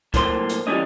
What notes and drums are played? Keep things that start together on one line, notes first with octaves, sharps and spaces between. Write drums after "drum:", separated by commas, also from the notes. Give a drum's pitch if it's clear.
B1 A2 A#3 C5 C6, drum: kick, hi-hat
drum: hi-hat
D2 E3 G3 G#3 C#4 D#5